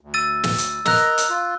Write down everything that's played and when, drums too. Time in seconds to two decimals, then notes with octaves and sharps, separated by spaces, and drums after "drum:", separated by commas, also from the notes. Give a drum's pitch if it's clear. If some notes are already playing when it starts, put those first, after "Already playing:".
0.01 D2
0.14 E6 A6 D#7
0.44 drum: snare
0.58 drum: hi-hat
0.86 A#4 D#5 A#5 E6 F#6, drum: snare
1.18 drum: hi-hat
1.30 F4